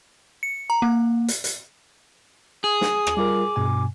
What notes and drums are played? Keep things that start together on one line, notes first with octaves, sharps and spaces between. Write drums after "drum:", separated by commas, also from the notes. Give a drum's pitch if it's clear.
C#7
A#5
A#3
drum: hi-hat
drum: hi-hat
G#4 D#6
drum: snare
drum: rim click
G3 F4 A#4 D6
G2 B2 G#5